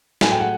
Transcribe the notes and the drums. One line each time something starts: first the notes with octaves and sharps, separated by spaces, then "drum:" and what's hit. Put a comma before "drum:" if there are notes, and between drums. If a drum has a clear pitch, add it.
A2 F#3 A3 G#5, drum: snare
G5
F#5